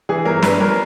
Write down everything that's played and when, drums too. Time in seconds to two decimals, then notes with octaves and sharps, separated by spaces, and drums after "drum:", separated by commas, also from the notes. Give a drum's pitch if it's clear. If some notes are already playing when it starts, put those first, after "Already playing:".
0.09 E3 G#4
0.25 G1 A#4
0.43 G2 B4, drum: snare
0.60 G1 A#4